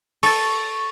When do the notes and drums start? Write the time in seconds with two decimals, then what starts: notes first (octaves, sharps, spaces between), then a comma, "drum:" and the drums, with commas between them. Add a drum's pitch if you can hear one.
0.23 A4 C#6 A6, drum: open hi-hat